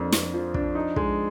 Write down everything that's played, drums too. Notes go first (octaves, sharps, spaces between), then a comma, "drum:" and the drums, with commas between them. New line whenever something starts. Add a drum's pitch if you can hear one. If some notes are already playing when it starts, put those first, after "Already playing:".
Already playing: F2 A#3 D4
F2, drum: snare
F3
D4, drum: kick
D#4
G#3, drum: kick